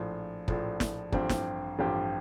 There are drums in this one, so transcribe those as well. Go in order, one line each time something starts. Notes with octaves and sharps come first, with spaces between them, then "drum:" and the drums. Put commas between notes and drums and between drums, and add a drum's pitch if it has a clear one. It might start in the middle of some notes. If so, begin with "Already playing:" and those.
Already playing: A#1 A2 F3
A#1 A2 F3, drum: kick
drum: snare
A1 G2 F3 C4 G4, drum: kick
drum: snare
A1 G2 F3 C4 G4